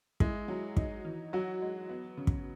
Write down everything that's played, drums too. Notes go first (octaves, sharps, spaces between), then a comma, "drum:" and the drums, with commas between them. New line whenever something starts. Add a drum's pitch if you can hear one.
G#3 E4, drum: kick
F#3
D#4, drum: kick
E3
F#3 F#4
G#3
B3
C#3
drum: kick